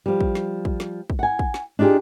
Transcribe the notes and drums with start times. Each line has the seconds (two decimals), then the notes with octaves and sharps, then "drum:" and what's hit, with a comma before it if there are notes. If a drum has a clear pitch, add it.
0.06 F3 G3
0.21 drum: kick
0.35 drum: snare
0.65 drum: kick
0.80 drum: snare
1.10 drum: kick
1.19 F#5 G#5
1.39 drum: kick
1.54 drum: snare
1.79 D4 D#4 F4 G4 G#4